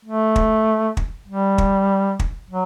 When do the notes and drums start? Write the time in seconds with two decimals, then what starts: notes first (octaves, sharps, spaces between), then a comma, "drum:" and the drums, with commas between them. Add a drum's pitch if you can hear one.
0.05 A3
0.36 drum: kick
0.97 drum: kick
1.28 G3
1.58 drum: kick
2.19 drum: kick
2.50 F#3